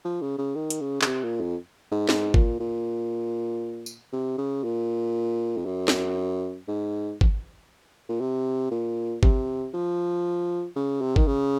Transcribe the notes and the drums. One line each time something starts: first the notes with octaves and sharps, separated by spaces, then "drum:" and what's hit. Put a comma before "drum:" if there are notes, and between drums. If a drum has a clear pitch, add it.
F3
C#3
C#3
D#3
drum: hi-hat
C#3
C#3, drum: clap
C3
A#2
F2
G#2
G#2, drum: snare
A#2, drum: kick
A#2
drum: tambourine
C3
C#3
A#2
F2
F#2
drum: snare
G#2
drum: kick
A#2
C3
A#2
C3, drum: kick
F3
C#3
C3
D#3, drum: kick
C#3